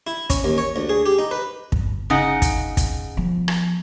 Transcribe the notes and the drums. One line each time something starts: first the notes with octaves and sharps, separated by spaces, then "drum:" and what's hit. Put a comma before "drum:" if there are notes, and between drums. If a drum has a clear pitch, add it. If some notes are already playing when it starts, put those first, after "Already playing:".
E4
C#4, drum: kick, hi-hat
D#2
C#5
D2
G#4
G4
D#4
B4
G1, drum: kick
C#3 D#4 F#5
drum: kick, hi-hat
drum: kick, hi-hat
F3 B3
drum: rim click